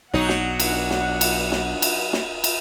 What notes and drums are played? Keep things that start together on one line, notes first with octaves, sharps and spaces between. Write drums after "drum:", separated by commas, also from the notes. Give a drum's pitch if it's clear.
B1 F#3 D4 D#4 F#5
drum: snare
drum: cymbal
drum: snare
drum: cymbal
drum: snare
drum: cymbal
drum: snare
drum: cymbal